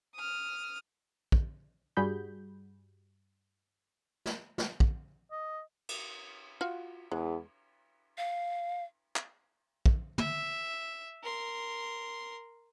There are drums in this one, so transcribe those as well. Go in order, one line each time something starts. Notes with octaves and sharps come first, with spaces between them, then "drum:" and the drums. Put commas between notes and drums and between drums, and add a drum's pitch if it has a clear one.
D#6 F6
drum: kick
G2 G3 F#4 G#4 B5 G6
drum: snare
drum: snare
drum: kick
D#5
drum: cymbal
F4 F#4
E2 G#3
F5
drum: clap
drum: kick
E5, drum: tom
A#4 C6